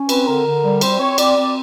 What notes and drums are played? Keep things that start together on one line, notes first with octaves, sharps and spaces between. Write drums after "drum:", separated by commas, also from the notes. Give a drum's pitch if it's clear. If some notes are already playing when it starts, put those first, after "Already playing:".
Already playing: C#4
C4 B4, drum: cymbal
D3 A#4
D3
G3
C4 C5, drum: cymbal
C4 C#5
C4 D5, drum: cymbal
C4 D5